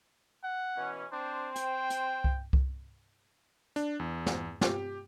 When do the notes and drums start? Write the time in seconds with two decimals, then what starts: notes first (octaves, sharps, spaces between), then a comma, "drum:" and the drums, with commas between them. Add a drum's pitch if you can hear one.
0.44 F#5
0.77 B2 E3 C#4
1.12 C4 D4 C5
1.56 G5, drum: hi-hat
1.90 drum: hi-hat
2.24 drum: kick C2
2.53 drum: kick C2
3.76 D4, drum: hi-hat
4.00 E2
4.26 drum: snare
4.61 G4, drum: snare